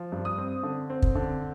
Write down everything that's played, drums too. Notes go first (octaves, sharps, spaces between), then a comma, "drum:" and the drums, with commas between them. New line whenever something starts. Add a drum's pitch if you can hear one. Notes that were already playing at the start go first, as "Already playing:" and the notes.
Already playing: F3
G2
D#6
C4
D3
C4
drum: kick
D3